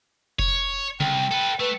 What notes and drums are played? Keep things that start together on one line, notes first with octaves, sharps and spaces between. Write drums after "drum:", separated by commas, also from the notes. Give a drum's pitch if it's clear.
C#5, drum: kick F1
C2 G5, drum: tom C3
A4 B4
A3 B4